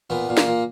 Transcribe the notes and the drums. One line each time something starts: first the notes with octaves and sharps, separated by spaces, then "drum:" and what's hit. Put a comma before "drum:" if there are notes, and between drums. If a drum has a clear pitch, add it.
A#2 B3
A#2
A#3, drum: snare
A#2